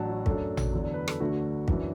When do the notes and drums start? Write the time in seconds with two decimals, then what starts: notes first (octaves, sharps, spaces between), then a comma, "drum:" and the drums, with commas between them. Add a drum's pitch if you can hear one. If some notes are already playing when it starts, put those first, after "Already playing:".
Already playing: A1 A2 F#3 D4 F#5 A5
0.09 F#4
0.26 F#2 F#3 A3 D4 A4, drum: kick
0.57 drum: tom A1
0.72 E2 D3 F#3
0.82 D5
0.94 B4
1.08 A4, drum: rim click
1.20 D2 D3 A3 D4 F#4
1.68 F#2 E3 D4, drum: kick